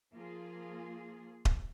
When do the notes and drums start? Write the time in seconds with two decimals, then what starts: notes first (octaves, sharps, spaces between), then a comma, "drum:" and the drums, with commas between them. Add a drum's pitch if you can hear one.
0.13 F3 A#3 F4 G#4
1.45 drum: kick D#1